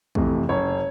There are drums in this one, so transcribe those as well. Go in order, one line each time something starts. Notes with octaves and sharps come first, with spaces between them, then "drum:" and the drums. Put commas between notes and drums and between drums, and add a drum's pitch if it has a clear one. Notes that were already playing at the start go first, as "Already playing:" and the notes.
F2 C3 E3 A3, drum: kick
F#1 C#5